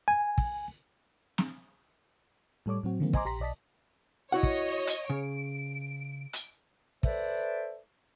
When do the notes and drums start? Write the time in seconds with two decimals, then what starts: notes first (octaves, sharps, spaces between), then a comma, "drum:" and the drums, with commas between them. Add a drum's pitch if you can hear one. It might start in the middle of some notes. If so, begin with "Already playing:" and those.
0.08 G#5
0.38 drum: kick
1.38 drum: snare
2.66 A2 G3 A4 C#5 D6
2.83 A2 F#3 C4 F#4
3.00 D3 D#3 F3 G#3 A#3 C4
3.13 C5 D#5 G#5 A#5 C6 D6, drum: kick
3.25 A#1 G4 A#5 C6 A#6 B6
3.40 B1 D5 D#5 A5 B6
4.32 E4 F#4 C#5 D#5 F#5
4.43 drum: kick
4.87 drum: hi-hat
5.10 C#3 D7
6.33 drum: hi-hat
7.03 A4 B4 C5 D5 E5, drum: kick